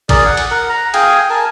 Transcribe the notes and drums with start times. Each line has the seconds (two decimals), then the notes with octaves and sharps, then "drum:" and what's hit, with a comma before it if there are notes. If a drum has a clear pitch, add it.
0.09 G#4 A#4 D5, drum: kick A1, cymbal
0.26 F#5
0.37 drum: cymbal
0.50 A#4 F#5
0.69 A#5
0.94 G#4 F5 G5 G#5, drum: cymbal
1.30 A#4 G#5 A5